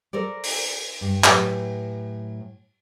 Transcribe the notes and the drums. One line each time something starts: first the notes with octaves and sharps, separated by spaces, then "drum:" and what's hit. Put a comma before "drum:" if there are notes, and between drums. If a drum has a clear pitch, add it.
A4 A#4 C5 D5
drum: open hi-hat
G2
A2 F#3 G4 B4 G#5, drum: clap